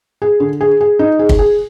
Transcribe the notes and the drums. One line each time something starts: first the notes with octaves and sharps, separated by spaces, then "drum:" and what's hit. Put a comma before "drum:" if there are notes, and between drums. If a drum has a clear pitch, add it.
G#4
D3
G#4
G#4
D#4
G#4
drum: kick
G#4